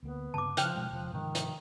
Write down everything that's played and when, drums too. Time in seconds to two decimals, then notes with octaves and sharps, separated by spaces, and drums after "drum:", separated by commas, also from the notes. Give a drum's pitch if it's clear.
0.03 D2 A#3 B3
0.34 G2 C#3 A5 D6
0.57 C#3 F3 G5 F6 F#6, drum: hi-hat
0.75 B2 G3 G#3
0.90 E1 C3 F3
1.13 G#2 C3 D#3 F3
1.35 drum: hi-hat